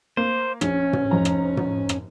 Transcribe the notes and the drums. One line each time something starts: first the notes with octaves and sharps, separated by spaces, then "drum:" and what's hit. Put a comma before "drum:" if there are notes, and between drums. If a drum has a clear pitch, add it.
A#3 C5
A#1 C#4, drum: rim click
drum: tom
F1 F3 A#5
drum: rim click
drum: tom
drum: rim click